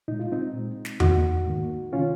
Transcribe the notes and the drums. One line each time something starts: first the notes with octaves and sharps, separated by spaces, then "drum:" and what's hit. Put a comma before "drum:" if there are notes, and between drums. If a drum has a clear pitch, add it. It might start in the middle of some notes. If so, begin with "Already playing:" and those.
A#2 G#3 D#4
F4
C4 D#4
A#2 G#3
drum: snare
G#2 D#3 A#3 D#4 F#4, drum: tom E2
G#2 D#3 A#3
C3 D#3 C#4 F4